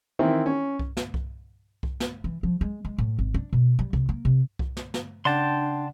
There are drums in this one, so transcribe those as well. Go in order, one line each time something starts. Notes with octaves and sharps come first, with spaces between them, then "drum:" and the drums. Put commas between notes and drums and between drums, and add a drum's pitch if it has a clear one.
D#3 E3 C4 E4
C#4
drum: kick C2
drum: snare
drum: kick C2
drum: kick C2
drum: snare
E3
F3
G#3
G#3
A2
G#1
D4
B2
G3
C3, drum: kick C2
A#3
C3
drum: kick C2
drum: snare
drum: snare
C#3 D4 D5 F#5 G5 A5 C6